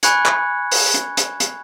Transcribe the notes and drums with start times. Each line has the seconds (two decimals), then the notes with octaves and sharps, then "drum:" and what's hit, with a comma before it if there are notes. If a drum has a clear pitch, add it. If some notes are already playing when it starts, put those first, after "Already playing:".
0.03 G#5 B5 C#6 F#6 G#6 C#7, drum: hi-hat
0.26 drum: clap
0.71 drum: open hi-hat
0.94 drum: hi-hat
1.17 drum: hi-hat
1.40 drum: hi-hat